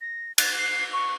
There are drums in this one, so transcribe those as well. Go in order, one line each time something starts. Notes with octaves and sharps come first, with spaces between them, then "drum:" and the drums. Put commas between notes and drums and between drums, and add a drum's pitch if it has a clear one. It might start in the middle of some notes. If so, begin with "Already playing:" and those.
A#6
A6, drum: cymbal
C7
C#6